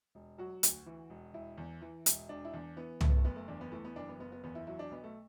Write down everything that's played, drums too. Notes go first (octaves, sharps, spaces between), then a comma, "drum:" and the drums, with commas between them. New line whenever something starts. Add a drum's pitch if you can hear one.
E1
F#3 F#4
D2, drum: hi-hat
E3
E1
E1 E4
E2
E3
E1, drum: hi-hat
E1 D4
E4
E2 D4
E3 B3
F#1 A3, drum: tom
B3
A3
F#1 B3
A3
E2 D4
B3
E3 A3
B3
F#1 D4
B3
F#1 B3
B3
E2 B3
E4
F#3 E4
D4
B1 B3
A3